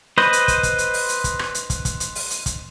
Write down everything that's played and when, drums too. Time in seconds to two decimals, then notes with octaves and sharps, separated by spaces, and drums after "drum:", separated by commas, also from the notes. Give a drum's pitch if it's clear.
0.18 B4 C5 D#5, drum: rim click
0.33 drum: hi-hat
0.48 drum: kick, hi-hat
0.63 drum: kick, hi-hat
0.78 drum: hi-hat
0.94 drum: open hi-hat
1.09 drum: hi-hat
1.24 drum: kick, hi-hat
1.39 drum: rim click
1.55 drum: hi-hat
1.70 drum: kick, hi-hat
1.85 drum: kick, hi-hat
2.00 drum: hi-hat
2.15 drum: open hi-hat
2.31 drum: hi-hat
2.46 drum: kick, hi-hat